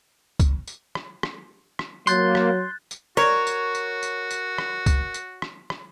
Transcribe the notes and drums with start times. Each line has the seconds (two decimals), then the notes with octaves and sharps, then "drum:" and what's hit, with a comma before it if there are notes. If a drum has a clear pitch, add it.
0.40 drum: kick C#2, tambourine
0.67 drum: tambourine
0.95 drum: rim click
1.23 drum: rim click
1.79 drum: rim click
2.07 F#3 A#3 C6 F#6 G6 A6, drum: tambourine
2.35 drum: rim click
2.91 drum: tambourine
3.17 F#4 A#4 C#5, drum: rim click
3.47 drum: tambourine
3.75 drum: tambourine
4.03 drum: tambourine
4.31 drum: tambourine
4.58 drum: rim click
4.86 drum: kick C#2, tambourine
5.14 drum: tambourine
5.42 drum: rim click
5.70 drum: rim click